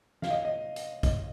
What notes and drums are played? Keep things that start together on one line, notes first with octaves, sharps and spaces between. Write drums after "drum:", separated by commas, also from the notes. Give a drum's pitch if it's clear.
F5, drum: snare
D#5
D#5
drum: hi-hat
D#5, drum: kick A1, hi-hat